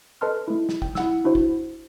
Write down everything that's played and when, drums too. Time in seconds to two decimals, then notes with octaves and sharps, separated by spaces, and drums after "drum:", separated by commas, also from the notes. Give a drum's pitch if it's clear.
0.21 A4 B4 D#5 A5 C6 F6
0.48 A3 E4
0.69 drum: snare
0.82 G5, drum: kick G1
0.95 E4 F#5 E6, drum: snare
1.24 D4 E4 F#4 C5
1.35 drum: kick G1